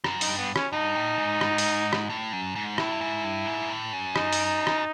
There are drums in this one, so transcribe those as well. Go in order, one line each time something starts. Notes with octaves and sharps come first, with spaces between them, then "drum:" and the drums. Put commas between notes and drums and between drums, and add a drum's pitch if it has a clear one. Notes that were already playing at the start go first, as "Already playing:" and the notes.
F#2, drum: rim click
D#4, drum: open hi-hat
G2
B3
C#4, drum: rim click
G2 D#4
A2
G#2
drum: rim click
drum: open hi-hat
drum: rim click
A2
F#2
G#2
A2 E4, drum: rim click
G2
G#2
G2
G#2
A2
F#2
D#4, drum: rim click
drum: open hi-hat
drum: rim click